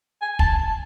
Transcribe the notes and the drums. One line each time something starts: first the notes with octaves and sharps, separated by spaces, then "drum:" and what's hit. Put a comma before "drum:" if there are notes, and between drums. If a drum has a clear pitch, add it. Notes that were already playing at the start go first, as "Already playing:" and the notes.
G#5
A5, drum: kick